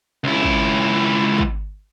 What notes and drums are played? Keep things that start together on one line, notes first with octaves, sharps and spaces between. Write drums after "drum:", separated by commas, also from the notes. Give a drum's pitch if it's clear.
C#2 E4
drum: kick
drum: kick